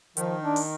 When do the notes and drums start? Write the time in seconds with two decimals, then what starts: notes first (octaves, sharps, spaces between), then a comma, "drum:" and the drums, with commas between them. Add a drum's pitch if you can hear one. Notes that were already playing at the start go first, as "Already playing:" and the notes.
0.17 D#3 F3, drum: hi-hat
0.43 D4
0.56 drum: open hi-hat